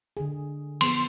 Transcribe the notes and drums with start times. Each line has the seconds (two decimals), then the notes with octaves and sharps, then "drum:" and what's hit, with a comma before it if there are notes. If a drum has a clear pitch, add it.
0.17 D3 G#4
0.81 F3 B3 G#4 C6, drum: cymbal